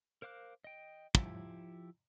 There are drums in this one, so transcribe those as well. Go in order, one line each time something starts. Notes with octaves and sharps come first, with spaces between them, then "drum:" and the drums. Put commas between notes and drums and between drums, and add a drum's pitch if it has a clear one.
A#4 C5 F5 D6 F#6
D#5 G5
F3 E4 G4, drum: kick